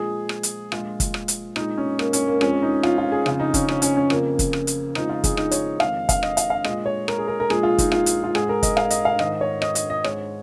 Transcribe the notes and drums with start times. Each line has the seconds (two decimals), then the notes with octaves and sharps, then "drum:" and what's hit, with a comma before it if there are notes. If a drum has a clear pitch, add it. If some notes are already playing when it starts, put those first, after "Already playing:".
Already playing: A#2 F3 G#3 G#4
0.29 drum: rim click
0.43 drum: hi-hat
0.72 A#2 F3 G#3 F4, drum: rim click
1.00 drum: kick, hi-hat
1.14 drum: rim click
1.28 drum: hi-hat
1.56 A#2 G#3 D#4, drum: rim click
1.78 C#4
1.99 A#3, drum: rim click
2.13 C#4, drum: hi-hat
2.28 A#3
2.41 F2 F3 G#3 C#4, drum: rim click
2.62 D#4
2.83 F4, drum: rim click
2.98 F4
3.12 G#4
3.26 F2 C#3 F3 F4, drum: rim click
3.40 D#4
3.54 C#4, drum: kick, hi-hat
3.68 C#4, drum: rim click
3.82 C#4, drum: hi-hat
3.97 C#4
4.10 F2 C#3 F3 A#3, drum: rim click
4.39 drum: kick, hi-hat
4.53 drum: rim click
4.67 drum: hi-hat
4.95 F2 C#3 F3 G#3 D#4, drum: rim click
5.09 F4
5.24 G#4, drum: kick, hi-hat
5.37 D#4, drum: rim click
5.51 C#5, drum: hi-hat
5.80 F2 D#3 G#3 F5, drum: rim click
6.09 F5, drum: kick, hi-hat
6.23 D#5, drum: rim click
6.37 F5, drum: hi-hat
6.50 F5
6.64 A#2 G#3 D#5, drum: rim click
6.86 C#5
7.08 A#4, drum: rim click
7.18 G#4
7.28 A#4
7.40 A#4
7.50 A#2 F3 G#3 G#4, drum: rim click
7.63 F4
7.78 D#4, drum: kick, hi-hat
7.92 F4, drum: rim click
8.06 drum: hi-hat
8.24 F4
8.35 G#2 G#3 G#4, drum: rim click
8.49 A#4
8.63 D#5, drum: kick, hi-hat
8.77 F5, drum: rim click
8.90 D#5, drum: hi-hat
9.05 F5
9.19 G#2 D#3 G#3 D#5, drum: rim click
9.41 C#5
9.62 D#5, drum: rim click
9.75 D#5, drum: hi-hat
9.90 D#5
10.04 G#2 G#3 C#5, drum: rim click